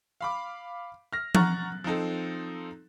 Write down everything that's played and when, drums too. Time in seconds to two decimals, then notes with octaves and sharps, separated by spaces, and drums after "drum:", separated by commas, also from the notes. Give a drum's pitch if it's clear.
0.21 F5 B5 D6
1.13 F6 A#6
1.35 F#5 A#5 C#6 F6 F#6 A6, drum: tom F3
1.84 F3 C4 D#4 A4